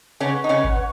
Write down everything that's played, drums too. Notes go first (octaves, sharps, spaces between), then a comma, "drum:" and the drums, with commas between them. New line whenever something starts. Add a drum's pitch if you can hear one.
C#3 C#4 B4 F#5 C#6
D#4
C#3 C#4
drum: kick G1